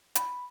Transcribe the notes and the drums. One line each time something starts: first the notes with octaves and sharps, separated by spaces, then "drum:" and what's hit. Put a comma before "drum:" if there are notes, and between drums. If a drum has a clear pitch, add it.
B5, drum: hi-hat